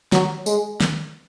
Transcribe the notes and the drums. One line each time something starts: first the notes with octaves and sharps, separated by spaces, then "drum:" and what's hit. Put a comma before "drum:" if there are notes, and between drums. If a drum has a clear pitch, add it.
F#3, drum: snare
G#3, drum: tambourine
drum: snare